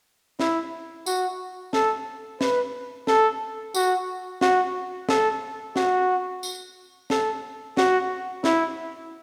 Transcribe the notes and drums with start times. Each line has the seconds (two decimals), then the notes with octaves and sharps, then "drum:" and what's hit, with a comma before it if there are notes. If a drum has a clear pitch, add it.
0.39 E4, drum: snare
1.06 F#4, drum: tambourine
1.73 A4, drum: snare
2.41 B4, drum: snare
3.07 A4, drum: snare
3.75 F#4, drum: tambourine
4.41 F#4, drum: snare
5.09 A4, drum: snare
5.76 F#4, drum: snare
6.43 drum: tambourine
7.10 A4, drum: snare
7.77 F#4, drum: snare
8.44 E4, drum: snare